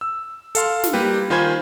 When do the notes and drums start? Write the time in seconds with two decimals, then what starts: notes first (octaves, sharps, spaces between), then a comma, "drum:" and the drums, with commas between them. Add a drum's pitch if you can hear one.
0.01 E6
0.55 A4 F5 C6, drum: hi-hat
0.84 drum: snare
0.93 G3 A#3 G4 B4
1.30 D#3 F4 C5 G#5 B5 G#6